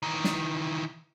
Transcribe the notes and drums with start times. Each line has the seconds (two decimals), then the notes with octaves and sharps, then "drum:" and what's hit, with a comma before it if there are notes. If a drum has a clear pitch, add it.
0.02 D#3 E3
0.24 drum: snare